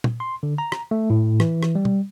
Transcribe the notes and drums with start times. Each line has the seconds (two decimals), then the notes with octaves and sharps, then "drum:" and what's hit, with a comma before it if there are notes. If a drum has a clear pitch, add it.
0.04 drum: tom
0.20 C6
0.43 D3
0.58 A#5
0.72 drum: rim click
0.91 A3
1.10 A2
1.40 E3, drum: rim click
1.63 drum: rim click
1.75 G3
1.85 drum: tom